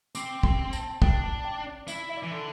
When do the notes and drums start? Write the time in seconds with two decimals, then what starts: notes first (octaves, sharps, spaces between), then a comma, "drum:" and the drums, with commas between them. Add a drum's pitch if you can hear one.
0.15 C4 D6, drum: tambourine
0.43 C6, drum: kick
0.73 A5, drum: tambourine
1.02 D4 G5, drum: kick
1.23 A5
1.45 G5
1.66 D5
1.88 E4 E5, drum: tambourine
2.09 E5
2.17 D5
2.23 E3
2.31 D3